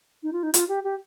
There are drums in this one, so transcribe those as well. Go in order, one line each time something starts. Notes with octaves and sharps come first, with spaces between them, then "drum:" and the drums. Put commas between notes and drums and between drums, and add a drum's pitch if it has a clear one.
D#4
F4
D#4
F4, drum: hi-hat
G4
G4